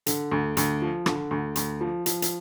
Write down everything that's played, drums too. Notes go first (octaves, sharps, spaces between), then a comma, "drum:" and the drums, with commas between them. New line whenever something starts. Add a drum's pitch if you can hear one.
D3, drum: hi-hat
D2
D2, drum: hi-hat
F3
D3, drum: rim click
D2
D2, drum: hi-hat
F3
F3, drum: hi-hat
drum: hi-hat